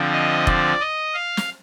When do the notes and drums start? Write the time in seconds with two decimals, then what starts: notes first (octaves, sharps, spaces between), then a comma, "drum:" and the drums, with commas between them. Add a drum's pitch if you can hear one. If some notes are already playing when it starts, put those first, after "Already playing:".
Already playing: D3 F3 C4
0.13 D#5
0.47 D5, drum: kick F1
0.81 D#5
1.14 F5
1.37 drum: snare